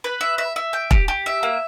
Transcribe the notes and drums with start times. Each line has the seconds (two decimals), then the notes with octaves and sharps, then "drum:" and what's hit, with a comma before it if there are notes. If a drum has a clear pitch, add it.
0.04 B4
0.21 E5
0.38 E5
0.56 E5
0.73 G5
0.91 G4, drum: kick E1
1.08 G4
1.26 E5
1.43 A#3